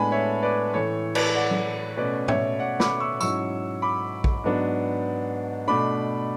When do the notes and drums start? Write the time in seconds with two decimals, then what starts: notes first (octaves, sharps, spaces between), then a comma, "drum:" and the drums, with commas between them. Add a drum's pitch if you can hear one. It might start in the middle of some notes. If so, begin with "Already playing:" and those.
Already playing: A2 G#3 B3 D4 G#5 A5 B5
0.12 C#5 E5
0.43 B4 D5
0.73 A2 E3 A3 A4 C#5
1.15 B4 D5, drum: cymbal
1.35 D5 F#5
1.51 drum: tom F#3
1.97 B2 A3 C#4 B4 D5
2.28 C#5 E5, drum: tom G#2
2.59 D5 F#5
2.80 B5 D6, drum: snare
3.00 C#6 E6
3.20 G#2 F#3 C#4 E4 C#6 E6, drum: tambourine
3.82 B5 D6
4.24 drum: kick A#1
4.44 G#2 F#3 B3 D4
5.68 B2 A3 D4 B5 D6